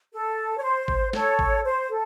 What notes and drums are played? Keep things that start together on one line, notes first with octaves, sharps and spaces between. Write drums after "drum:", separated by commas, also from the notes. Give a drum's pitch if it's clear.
A4
C#5
C5
drum: kick G#1
A4 C#5, drum: snare
drum: kick G#1
C5
A4